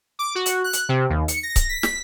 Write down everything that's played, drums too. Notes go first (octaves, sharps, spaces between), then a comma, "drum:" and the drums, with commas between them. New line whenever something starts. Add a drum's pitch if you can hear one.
D6
F#4
drum: hi-hat
F#6
drum: hi-hat
C3
D#2
C#7, drum: hi-hat
A#6
drum: kick C#1, hi-hat
B6
drum: snare